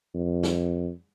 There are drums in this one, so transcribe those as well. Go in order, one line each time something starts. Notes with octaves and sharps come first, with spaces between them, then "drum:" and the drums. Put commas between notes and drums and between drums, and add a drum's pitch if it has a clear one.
F2
drum: snare